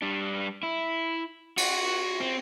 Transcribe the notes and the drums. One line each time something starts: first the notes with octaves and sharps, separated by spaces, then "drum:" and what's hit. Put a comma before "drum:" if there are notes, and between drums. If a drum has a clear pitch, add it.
G3 D4
E4
F#4, drum: cymbal
C4